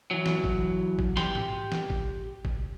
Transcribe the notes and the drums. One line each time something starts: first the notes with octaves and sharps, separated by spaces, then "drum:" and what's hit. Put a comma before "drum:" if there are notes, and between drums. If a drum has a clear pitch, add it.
E3 F#3
drum: snare
drum: kick G#1
drum: kick G#1
G4 C6, drum: snare
drum: tom G#2
drum: snare
drum: kick G#1
drum: kick G#1